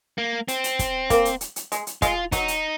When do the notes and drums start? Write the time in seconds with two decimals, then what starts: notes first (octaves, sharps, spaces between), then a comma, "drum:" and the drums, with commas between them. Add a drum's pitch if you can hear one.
0.18 A#3
0.48 C4, drum: hi-hat
0.64 drum: hi-hat
0.79 drum: kick, hi-hat
1.10 A#3, drum: kick, hi-hat
1.25 drum: hi-hat
1.41 drum: hi-hat
1.56 drum: hi-hat
1.72 G#3, drum: hi-hat
1.87 drum: hi-hat
2.02 G#3 F4, drum: kick, hi-hat
2.32 F#3 D#4, drum: kick, hi-hat
2.48 drum: hi-hat